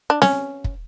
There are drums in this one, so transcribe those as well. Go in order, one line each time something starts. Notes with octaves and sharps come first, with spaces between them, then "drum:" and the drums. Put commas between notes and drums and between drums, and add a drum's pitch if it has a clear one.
D4
C#4, drum: snare C4
drum: kick